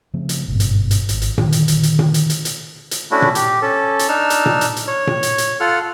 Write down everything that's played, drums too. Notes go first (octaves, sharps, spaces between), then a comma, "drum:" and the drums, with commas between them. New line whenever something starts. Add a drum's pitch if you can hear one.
C#3 F3 A3 C4
drum: hi-hat
G1 G#2 B2
drum: hi-hat
drum: hi-hat
G#1, drum: hi-hat
drum: hi-hat
A#2 D3 D#3, drum: tom A#2
drum: hi-hat
drum: hi-hat
drum: hi-hat
drum: tom A#2
drum: hi-hat
drum: hi-hat
drum: hi-hat
drum: hi-hat
A3 C#4 D4 E4 F#4
drum: tom A#2
G4, drum: hi-hat
C#4 A4
drum: hi-hat
D4 D#4 E6 F6
drum: hi-hat
drum: tom A#2
drum: hi-hat
drum: hi-hat
C#5
drum: tom A#2
drum: hi-hat
drum: hi-hat
F4 A4 F#5 F6